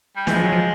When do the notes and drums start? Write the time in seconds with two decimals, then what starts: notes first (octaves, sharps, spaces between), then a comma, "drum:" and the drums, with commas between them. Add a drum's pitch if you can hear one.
0.16 G3
0.27 E3 G#3, drum: snare
0.35 F3
0.44 F#3
0.52 F3